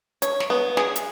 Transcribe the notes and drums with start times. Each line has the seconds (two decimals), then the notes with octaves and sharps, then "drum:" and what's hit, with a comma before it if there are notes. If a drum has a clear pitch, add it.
0.22 C#5, drum: hi-hat
0.40 drum: snare
0.50 B3
0.77 G#4, drum: snare
0.96 drum: hi-hat